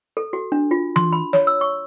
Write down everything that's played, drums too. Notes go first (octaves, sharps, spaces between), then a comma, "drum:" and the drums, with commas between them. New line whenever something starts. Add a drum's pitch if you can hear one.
A4
F#4
D4
F4
C6, drum: tom E3
B5
C#5, drum: snare
E6
C#6